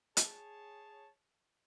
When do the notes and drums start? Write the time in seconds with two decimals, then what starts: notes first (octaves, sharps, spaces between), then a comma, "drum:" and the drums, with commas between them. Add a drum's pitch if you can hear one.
0.17 G#4 C#5 A5, drum: hi-hat